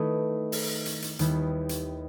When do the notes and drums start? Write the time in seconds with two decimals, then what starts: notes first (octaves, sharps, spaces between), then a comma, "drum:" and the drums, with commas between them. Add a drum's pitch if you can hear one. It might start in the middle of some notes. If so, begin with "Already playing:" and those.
Already playing: D#3 A3 E4 B4 D#5
0.52 drum: open hi-hat
0.86 drum: hi-hat
1.02 drum: hi-hat
1.19 D#2 D#3 G3 B3 E4, drum: hi-hat
1.69 drum: hi-hat